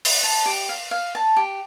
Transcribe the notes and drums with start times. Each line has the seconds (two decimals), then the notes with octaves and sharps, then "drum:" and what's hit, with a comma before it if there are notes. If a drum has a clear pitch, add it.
0.05 drum: open hi-hat
0.23 A5
0.46 G4
0.69 F5
0.91 F5
1.15 A5
1.37 G4